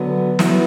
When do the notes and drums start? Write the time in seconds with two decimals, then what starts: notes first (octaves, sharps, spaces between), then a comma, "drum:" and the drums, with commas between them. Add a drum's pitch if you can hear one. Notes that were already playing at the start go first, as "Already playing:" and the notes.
Already playing: D3 F#3 B3
0.39 F#3 B3 E4, drum: snare